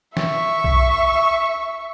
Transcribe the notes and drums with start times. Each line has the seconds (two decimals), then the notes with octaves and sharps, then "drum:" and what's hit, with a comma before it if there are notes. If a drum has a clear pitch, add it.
0.17 E5 C#6, drum: snare
0.64 drum: kick B1